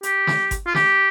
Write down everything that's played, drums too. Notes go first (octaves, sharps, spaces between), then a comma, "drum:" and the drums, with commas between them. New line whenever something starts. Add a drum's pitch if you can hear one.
G4, drum: hi-hat
drum: snare
drum: kick G1, hi-hat
F4
G4, drum: snare